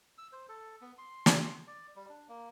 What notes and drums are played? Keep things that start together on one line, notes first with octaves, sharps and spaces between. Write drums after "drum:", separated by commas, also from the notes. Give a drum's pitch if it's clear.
E6
C5
A4
B3
C6
drum: snare
D5
G3
D4
A#3